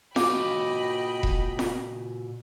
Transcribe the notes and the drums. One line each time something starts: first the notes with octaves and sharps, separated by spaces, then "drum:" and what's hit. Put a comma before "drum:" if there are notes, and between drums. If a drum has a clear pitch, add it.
A#2 F#4 D#5 F5 G5 B5 D6 G6, drum: snare
drum: kick E1
drum: snare